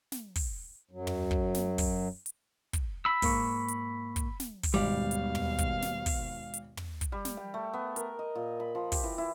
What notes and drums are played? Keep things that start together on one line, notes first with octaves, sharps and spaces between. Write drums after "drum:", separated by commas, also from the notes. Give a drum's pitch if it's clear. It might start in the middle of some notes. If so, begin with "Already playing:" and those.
drum: snare
drum: kick, open hi-hat
F#2 F#3
drum: tom
drum: kick
drum: snare
drum: kick, open hi-hat
drum: hi-hat
drum: kick, hi-hat
B5 E6
G#2 A#3 C#6, drum: kick, open hi-hat
drum: hi-hat
drum: kick, hi-hat
drum: snare
drum: kick, open hi-hat
G#1 D#2 B2 G3 F5
drum: hi-hat
drum: tom
drum: kick, hi-hat
drum: snare
drum: kick, open hi-hat
drum: hi-hat
drum: tom
drum: kick, hi-hat
G3
drum: snare
G5
A3
B3
A#4, drum: hi-hat
D#5
A#2
B5
F3
G4, drum: kick, open hi-hat
E3
E4